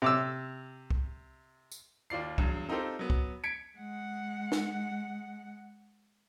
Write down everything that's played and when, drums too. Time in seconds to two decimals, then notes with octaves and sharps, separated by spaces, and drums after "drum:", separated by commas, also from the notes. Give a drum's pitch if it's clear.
0.02 C3 D6 E6
0.90 drum: kick C2
1.72 drum: tambourine
2.10 D#2 F4 D5 C7
2.38 E2 G2 F#3, drum: kick C2
2.69 C4 D#4 F4 G4 A4 C5
2.99 F#3 B3
3.10 drum: kick C2
3.44 G#6 B6 C#7 D7
3.78 G#3 F#5
4.52 drum: snare